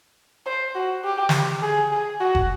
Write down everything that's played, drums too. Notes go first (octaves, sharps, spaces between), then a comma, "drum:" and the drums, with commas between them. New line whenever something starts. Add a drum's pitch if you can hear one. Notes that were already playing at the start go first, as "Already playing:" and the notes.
C5
F#4
G4
drum: snare
G#4
G#4
F#4
drum: kick